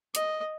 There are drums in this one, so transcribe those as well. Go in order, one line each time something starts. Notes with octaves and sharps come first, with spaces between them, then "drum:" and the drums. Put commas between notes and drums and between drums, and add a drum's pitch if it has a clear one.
D#5, drum: hi-hat